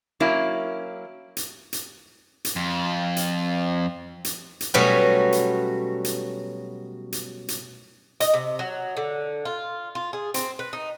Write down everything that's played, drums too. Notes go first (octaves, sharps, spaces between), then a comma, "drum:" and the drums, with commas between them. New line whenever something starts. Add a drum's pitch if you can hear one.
F#3 A#3 C#4 E4
drum: hi-hat
drum: hi-hat
drum: hi-hat
F2
drum: hi-hat
drum: hi-hat
drum: hi-hat
B2 F#3 G3 A3 C#4 B4
drum: hi-hat
drum: hi-hat
drum: hi-hat
drum: hi-hat
D#5, drum: hi-hat
C3
F#3
D3
F4
F4
G#4
C4, drum: hi-hat
B4
D#4